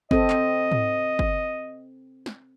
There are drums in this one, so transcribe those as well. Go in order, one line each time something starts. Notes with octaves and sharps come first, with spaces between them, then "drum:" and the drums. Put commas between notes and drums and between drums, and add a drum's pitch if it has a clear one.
C4 A4 D#5, drum: kick
drum: clap
drum: tom G#2
drum: kick
drum: snare